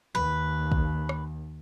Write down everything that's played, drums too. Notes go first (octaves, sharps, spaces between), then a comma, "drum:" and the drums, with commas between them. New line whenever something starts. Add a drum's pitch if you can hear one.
D#2 B4, drum: tom E3
drum: kick
drum: rim click